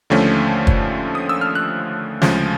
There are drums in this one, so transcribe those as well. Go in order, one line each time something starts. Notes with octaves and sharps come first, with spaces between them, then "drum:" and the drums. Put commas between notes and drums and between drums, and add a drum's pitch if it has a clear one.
D#2 D3 F3 A3 C#4
drum: kick
D#6
E6
F6
F#6
D2 C#3 F3 G#3 C#4, drum: snare